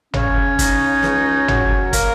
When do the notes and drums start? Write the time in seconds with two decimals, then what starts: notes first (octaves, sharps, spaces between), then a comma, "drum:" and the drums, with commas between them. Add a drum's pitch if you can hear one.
0.13 C#3 C#4 C#5, drum: tom
0.59 D#4, drum: kick, hi-hat
1.03 C#2, drum: snare
1.48 F#3, drum: tom
1.93 A#3 A#4, drum: kick, hi-hat